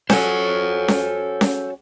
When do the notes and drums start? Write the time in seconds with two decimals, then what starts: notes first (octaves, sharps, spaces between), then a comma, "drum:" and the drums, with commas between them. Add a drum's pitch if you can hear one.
0.10 F#3 C#4 A4 C5, drum: snare C#4
0.88 drum: snare C#4
1.41 drum: snare C#4